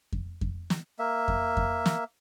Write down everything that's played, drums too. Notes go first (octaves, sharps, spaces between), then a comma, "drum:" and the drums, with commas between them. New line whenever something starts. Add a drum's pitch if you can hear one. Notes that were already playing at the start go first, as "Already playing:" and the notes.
drum: kick F2
drum: kick F2
drum: snare
A#3 E5
drum: kick F2
drum: kick F2
drum: snare